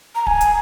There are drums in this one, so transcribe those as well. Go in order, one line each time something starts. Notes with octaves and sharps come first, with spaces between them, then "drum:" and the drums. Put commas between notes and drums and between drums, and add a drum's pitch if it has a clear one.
A#5
G#5, drum: kick D1
drum: hi-hat